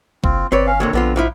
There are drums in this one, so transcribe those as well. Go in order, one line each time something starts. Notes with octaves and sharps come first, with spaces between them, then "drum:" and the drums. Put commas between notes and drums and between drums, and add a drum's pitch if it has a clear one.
F#1 C4 F4, drum: kick B1
G1 C4 B4 C#5 D5
C#4 F5
D#2 A#2 D3 C4 C#5
A#1 D3 B3 C4 F4
G#2 F3 E4